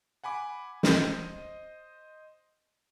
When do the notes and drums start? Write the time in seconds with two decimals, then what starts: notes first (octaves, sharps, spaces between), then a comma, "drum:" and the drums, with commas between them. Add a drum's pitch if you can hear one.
0.24 F#5 G#5 B5 D6
0.83 C5 D#5, drum: snare